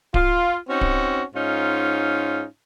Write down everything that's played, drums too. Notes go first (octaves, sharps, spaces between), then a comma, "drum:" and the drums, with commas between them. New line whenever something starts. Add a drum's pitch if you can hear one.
F4, drum: kick D1
C4 C#4 D#4 F#4
drum: kick D1
G#2 C#4 D#4 F4